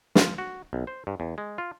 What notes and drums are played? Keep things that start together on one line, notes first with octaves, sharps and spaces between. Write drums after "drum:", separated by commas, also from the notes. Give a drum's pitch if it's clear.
F4, drum: snare
F#4
B1
C5
G2
E2
G#3
F4